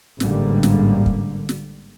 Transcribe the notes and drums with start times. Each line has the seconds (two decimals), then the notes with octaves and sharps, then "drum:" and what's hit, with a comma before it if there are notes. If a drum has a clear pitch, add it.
0.20 A1 G#2 D3 G3 A#3, drum: snare
0.63 drum: snare
1.06 drum: kick
1.49 drum: snare